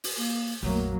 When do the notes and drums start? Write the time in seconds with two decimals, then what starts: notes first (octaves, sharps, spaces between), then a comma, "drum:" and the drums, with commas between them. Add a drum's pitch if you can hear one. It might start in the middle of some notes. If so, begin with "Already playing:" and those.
0.04 drum: open hi-hat
0.17 A#3
0.63 A#1 F2 F#3 A3 A#3